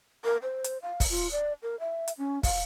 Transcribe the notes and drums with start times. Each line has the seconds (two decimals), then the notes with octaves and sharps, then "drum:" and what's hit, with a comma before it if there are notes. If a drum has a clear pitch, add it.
0.24 A#4
0.43 C5
0.64 drum: hi-hat
0.82 F5
1.00 drum: kick, open hi-hat
1.10 F4
1.31 D5
1.62 A#4
1.80 E5
2.08 drum: hi-hat
2.18 C#4
2.43 F5, drum: kick, open hi-hat